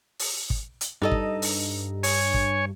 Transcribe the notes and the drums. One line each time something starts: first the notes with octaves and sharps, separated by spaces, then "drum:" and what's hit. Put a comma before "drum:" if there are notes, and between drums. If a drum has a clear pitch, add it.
drum: open hi-hat
drum: kick
drum: hi-hat
G2 D#4 A4 D#5
drum: kick
drum: open hi-hat
C#5 G#5, drum: open hi-hat
drum: kick